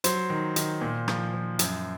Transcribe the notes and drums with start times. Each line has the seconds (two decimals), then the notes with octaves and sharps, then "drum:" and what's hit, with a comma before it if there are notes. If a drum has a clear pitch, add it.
0.04 F#3 C5, drum: hi-hat
0.30 D#3
0.56 D#3, drum: hi-hat
0.81 A#2
1.08 F3, drum: rim click
1.33 F3
1.59 F#2, drum: hi-hat